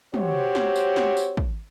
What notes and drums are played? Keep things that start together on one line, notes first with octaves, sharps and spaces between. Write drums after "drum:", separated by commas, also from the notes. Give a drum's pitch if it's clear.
C4 F#4 G4 C5 C#5, drum: tom
drum: snare
drum: tambourine
drum: snare
drum: tambourine
drum: kick